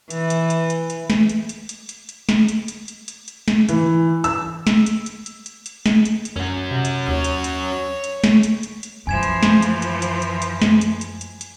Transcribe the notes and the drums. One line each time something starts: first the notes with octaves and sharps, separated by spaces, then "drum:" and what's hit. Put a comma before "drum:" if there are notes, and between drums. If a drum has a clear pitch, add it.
E3, drum: hi-hat
drum: hi-hat
drum: hi-hat
drum: hi-hat
drum: hi-hat
drum: snare
drum: hi-hat
drum: hi-hat
drum: hi-hat
drum: hi-hat
drum: hi-hat
drum: snare
drum: hi-hat
drum: hi-hat
drum: hi-hat
drum: hi-hat
drum: hi-hat
drum: snare
E3, drum: hi-hat
E6, drum: hi-hat
drum: snare
drum: hi-hat
drum: hi-hat
drum: hi-hat
drum: hi-hat
drum: hi-hat
drum: snare
drum: hi-hat
drum: hi-hat
F#2 C#4 F#4
C3
drum: hi-hat
D#2 C#5
drum: hi-hat
drum: hi-hat
drum: hi-hat
drum: snare
drum: hi-hat
drum: hi-hat
drum: hi-hat
F#2 E3 F3 G#5 G#6 E7
drum: hi-hat
drum: snare
drum: hi-hat
drum: hi-hat
drum: hi-hat
drum: hi-hat
drum: hi-hat
drum: snare
drum: hi-hat
drum: hi-hat
drum: hi-hat
drum: hi-hat